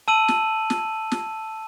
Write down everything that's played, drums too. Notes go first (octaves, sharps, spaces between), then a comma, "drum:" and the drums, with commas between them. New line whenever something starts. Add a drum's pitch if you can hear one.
A5 E6 D#7 F#7
drum: snare
drum: snare
drum: snare